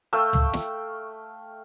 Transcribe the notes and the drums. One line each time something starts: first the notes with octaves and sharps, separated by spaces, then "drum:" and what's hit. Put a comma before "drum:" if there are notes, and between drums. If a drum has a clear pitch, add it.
A3 F5 G5 E6
drum: tom C#2
drum: snare